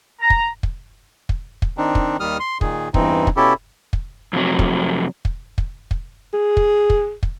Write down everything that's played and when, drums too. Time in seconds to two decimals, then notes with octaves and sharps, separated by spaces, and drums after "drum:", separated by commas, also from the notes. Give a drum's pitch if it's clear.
0.21 A#5
0.30 drum: kick
0.63 drum: kick
1.29 drum: kick
1.62 drum: kick
1.78 D#3 C4 D4 D#4
1.95 drum: kick
2.20 D#2 D#3 G3 D#6 F6
2.40 C6
2.61 A#2 D#3 G#4, drum: kick
2.94 E2 G2 E3 C4 D#4, drum: kick
3.27 drum: kick
3.37 B2 C#4 E4 G4 A4
3.93 drum: kick
4.33 F2 C3 F#3
4.59 drum: kick
5.25 drum: kick
5.58 drum: kick
5.91 drum: kick
6.34 G#4
6.57 drum: kick
6.90 drum: kick
7.23 drum: kick